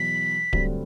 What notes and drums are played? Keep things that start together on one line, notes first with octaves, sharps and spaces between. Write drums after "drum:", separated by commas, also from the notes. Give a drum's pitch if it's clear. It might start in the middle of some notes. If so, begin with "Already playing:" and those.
Already playing: E2 B2 F#3 B6
G2 D3 F#3 A3 C4, drum: kick D1